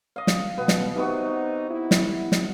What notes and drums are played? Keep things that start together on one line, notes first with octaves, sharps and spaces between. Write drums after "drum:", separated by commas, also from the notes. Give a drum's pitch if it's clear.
D#5 F5
drum: snare
B2 B3
drum: snare
C3 B3 D#4 F#4
E4
drum: snare
drum: snare